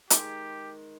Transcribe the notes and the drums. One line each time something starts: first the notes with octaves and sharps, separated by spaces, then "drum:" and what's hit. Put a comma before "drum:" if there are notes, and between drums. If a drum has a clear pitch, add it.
D#3 G#3 G4, drum: hi-hat